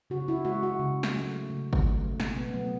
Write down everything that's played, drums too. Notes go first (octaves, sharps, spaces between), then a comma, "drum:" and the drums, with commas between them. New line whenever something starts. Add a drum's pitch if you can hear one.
C#3 F#4
E4
G#3 F#4
F#4
C#3
drum: snare
F#3 A3
C#3
drum: kick G#1
F#3 A3
B2, drum: snare
B3
F#3 A3 B3